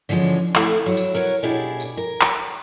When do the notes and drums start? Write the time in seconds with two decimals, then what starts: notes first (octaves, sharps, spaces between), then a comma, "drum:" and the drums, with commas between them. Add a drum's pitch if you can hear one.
0.09 D3 E3 F3 G#3 C#4
0.56 A3 C4 E4, drum: clap
0.86 F#3 E4
0.97 drum: tambourine
1.14 A#4 B4 C#5 F#5
1.43 B2 D4 E4 G4 G#4
1.80 drum: tambourine
1.97 A#4
2.21 drum: clap